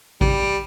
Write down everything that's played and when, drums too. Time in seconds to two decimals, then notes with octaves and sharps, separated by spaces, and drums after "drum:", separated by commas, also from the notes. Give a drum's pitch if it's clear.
0.21 G3, drum: kick A1